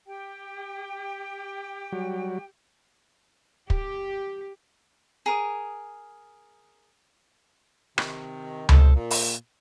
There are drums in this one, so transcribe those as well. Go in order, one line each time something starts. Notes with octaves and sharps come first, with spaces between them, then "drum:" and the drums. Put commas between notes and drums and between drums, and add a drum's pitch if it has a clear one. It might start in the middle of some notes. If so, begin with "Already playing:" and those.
G4 G5
F#3 G3 F#4
G4, drum: kick
G#4 A#4 D#6
C3 D#3, drum: rim click
G3 C4 D#4 A4 C5, drum: tom C#2
A#2
drum: open hi-hat